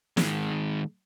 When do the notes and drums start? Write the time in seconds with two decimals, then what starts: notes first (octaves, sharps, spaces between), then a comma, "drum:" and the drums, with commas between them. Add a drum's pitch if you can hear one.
0.17 D#3 G#3, drum: snare